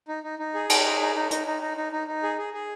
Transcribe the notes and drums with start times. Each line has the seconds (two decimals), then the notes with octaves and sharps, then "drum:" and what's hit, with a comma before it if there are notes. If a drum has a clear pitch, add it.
0.08 D#4
0.23 D#4
0.39 D#4
0.54 G#4
0.70 D#4, drum: cymbal
0.85 G#4
1.00 D#4
1.15 D#4
1.31 D#4, drum: hi-hat
1.47 D#4
1.62 D#4
1.77 D#4
1.92 D#4
2.08 D#4
2.23 G#4
2.38 G#4
2.53 G#4